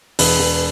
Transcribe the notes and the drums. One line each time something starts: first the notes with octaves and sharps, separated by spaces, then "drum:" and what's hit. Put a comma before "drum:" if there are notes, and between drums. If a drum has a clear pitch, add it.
E1 B4, drum: open hi-hat
E1